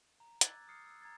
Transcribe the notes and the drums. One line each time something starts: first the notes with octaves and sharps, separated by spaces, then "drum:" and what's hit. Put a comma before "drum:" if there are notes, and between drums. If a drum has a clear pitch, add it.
A#5
D6 E6 F#6 G#6 A6, drum: hi-hat
D#6 F6 C7 C#7
E6
A#5 G#6 A6